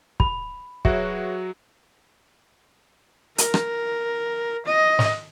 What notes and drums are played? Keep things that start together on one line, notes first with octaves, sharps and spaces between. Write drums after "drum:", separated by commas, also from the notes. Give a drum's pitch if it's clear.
B5, drum: kick
F#3 F#4 G#4 B4 C#5 E5, drum: kick
A#4, drum: hi-hat
drum: rim click
D#5
drum: snare